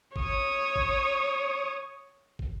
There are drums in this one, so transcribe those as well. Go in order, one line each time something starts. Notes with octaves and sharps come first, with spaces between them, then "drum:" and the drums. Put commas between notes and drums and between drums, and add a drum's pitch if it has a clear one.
C#5 D#6, drum: kick
drum: kick
drum: kick